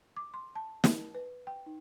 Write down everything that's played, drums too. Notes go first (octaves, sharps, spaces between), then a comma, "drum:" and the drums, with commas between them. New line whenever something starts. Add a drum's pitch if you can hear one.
D6
C6
A5
drum: snare
B4
G5
D#4